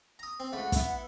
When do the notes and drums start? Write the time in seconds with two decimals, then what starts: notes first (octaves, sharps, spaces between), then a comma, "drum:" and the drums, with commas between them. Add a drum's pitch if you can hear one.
0.19 A#5 D#6
0.40 C4
0.52 C#2 A3 F#5 B5
0.72 B3 E4, drum: kick, hi-hat